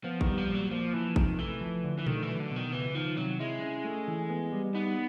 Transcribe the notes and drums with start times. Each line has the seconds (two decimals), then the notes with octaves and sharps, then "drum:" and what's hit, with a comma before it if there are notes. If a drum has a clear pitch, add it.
0.04 F3 B3
0.21 D#3, drum: kick G#1
0.26 G3
0.37 F3
0.49 A#2
0.55 F#3
0.71 F3 A#3
0.94 E3 F3
1.16 C3 D#3, drum: kick G#1
1.39 E3 A3
1.61 F3
1.84 D3
1.98 E3
2.06 D#3 A3, drum: tom A#2
2.22 E3
2.28 F#3
2.40 D3
2.51 B2
2.56 D#3
2.73 C#2 E3
2.96 D#3 F3
3.17 C3 F#3
3.40 G#3 E4
3.62 C#4
3.85 A3
4.08 E3
4.29 B3
4.52 G3
4.74 B3 D#4